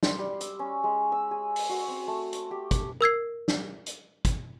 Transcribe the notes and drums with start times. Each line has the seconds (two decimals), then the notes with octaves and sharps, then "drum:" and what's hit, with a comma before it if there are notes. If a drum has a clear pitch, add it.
0.03 C6, drum: snare
0.18 G3
0.41 E6, drum: hi-hat
0.59 C#4
0.84 G#3
1.12 E6
1.31 G#4
1.56 drum: open hi-hat
1.69 F#4
1.88 C4
2.08 A3
2.33 drum: hi-hat
2.51 G4
2.71 drum: kick, hi-hat
3.01 A#4 E6 G#6 C7
3.48 drum: snare
3.86 drum: hi-hat
4.25 drum: kick, hi-hat